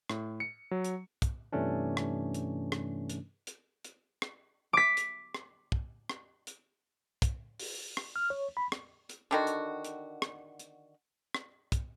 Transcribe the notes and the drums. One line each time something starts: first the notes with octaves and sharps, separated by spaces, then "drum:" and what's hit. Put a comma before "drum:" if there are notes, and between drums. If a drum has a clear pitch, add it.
A2, drum: rim click
C#7
F#3
drum: hi-hat
drum: kick, hi-hat
G2 C3 E3 A3 C#4 D4
drum: rim click
drum: hi-hat
drum: rim click
drum: hi-hat
drum: hi-hat
drum: hi-hat
drum: rim click
D6 B6
drum: hi-hat
drum: rim click
drum: kick
drum: rim click
drum: hi-hat
drum: kick, hi-hat
drum: open hi-hat
drum: rim click
F6
C#5
B5
drum: rim click
drum: hi-hat
D3 D#3 F#4
drum: hi-hat
drum: hi-hat
drum: rim click
drum: hi-hat
drum: rim click
drum: kick, hi-hat